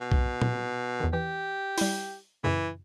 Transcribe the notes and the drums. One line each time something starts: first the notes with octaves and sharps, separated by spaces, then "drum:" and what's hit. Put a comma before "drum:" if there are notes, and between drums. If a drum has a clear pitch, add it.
B2
drum: kick B1
drum: tom A#2
E2 D#3
E3 G4
G3 E4, drum: open hi-hat
F#2 A#2 C#3 E3